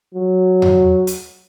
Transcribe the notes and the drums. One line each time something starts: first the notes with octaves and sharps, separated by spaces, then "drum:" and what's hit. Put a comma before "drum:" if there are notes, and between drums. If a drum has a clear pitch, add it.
F#3
drum: tom E2
drum: hi-hat